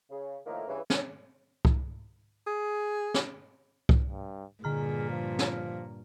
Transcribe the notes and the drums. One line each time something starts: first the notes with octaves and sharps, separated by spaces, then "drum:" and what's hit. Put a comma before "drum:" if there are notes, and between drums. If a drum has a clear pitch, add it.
C#3
A2 D#3 F3 A3 A#3
G2 C#3 E3
drum: snare
drum: kick C2
G#4
drum: snare
drum: kick C2
G2
G2 A#2 D3 G#4 A#5 F6
F3
drum: snare